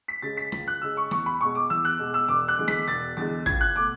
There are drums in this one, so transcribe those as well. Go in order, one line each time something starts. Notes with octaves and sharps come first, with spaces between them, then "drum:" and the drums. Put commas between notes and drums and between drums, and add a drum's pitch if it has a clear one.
B6
C#3 G#3 A6
B6
C#2, drum: snare
F#6
C#3 G#3 E6
C#6
E2 C#6, drum: snare
B5
B2 G#3 C#6
D6
E2 E6
F#6
B2 G#3
E6
E1 D6
F#6
E2 D3 G#3
B6, drum: snare
E1 A6
E2 D3 G#3 A6
C#2 G#6, drum: kick
F#6
B2 A3 D6